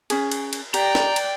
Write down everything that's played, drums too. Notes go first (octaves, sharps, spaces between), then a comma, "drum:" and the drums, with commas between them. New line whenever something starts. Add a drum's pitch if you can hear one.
C#4 G#4, drum: cymbal
drum: cymbal
drum: cymbal
G4 D5 G5 A#5, drum: cymbal
drum: snare
drum: cymbal